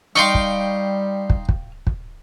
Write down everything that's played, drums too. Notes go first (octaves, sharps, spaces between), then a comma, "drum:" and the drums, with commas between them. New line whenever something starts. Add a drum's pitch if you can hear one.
G3 D#4 F5 G5 C6 C#6
drum: kick
drum: kick
drum: kick
drum: kick